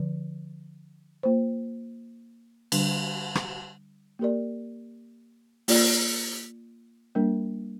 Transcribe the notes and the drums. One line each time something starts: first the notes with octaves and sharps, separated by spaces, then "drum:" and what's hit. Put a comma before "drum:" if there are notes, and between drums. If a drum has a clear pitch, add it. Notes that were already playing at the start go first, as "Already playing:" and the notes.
Already playing: D3 F3
A#3 F4 C5
D3 G3 D4, drum: cymbal
drum: rim click
A#3 G4 A#4 D5
A#3 F4 D5, drum: open hi-hat
G3 A#3 D4 A#4